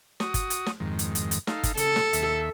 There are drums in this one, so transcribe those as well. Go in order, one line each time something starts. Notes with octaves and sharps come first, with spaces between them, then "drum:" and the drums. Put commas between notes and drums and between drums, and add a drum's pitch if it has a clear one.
F#4 D#6, drum: snare
drum: kick G1, hi-hat
drum: hi-hat
drum: snare
F2 G#2 D#3
drum: hi-hat
drum: hi-hat
drum: hi-hat
D#4 A4 F5, drum: snare
drum: kick G1, hi-hat
C#3 A4, drum: hi-hat
drum: snare
D#2 E5, drum: hi-hat